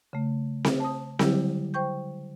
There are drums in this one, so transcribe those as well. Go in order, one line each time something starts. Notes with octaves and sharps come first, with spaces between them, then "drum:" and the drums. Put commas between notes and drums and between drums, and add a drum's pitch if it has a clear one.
C#3 A3
drum: snare C4
A5 D#6
D3 F#3 G3 E4 G4, drum: snare C4
C5 G5 C#6 G6